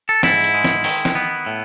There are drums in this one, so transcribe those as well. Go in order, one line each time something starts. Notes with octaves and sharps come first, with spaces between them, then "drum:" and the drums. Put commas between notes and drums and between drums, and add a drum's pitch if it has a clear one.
A4
G#2 E4, drum: snare
drum: hi-hat
G#3
drum: snare
D#3, drum: open hi-hat
drum: snare
B3
A2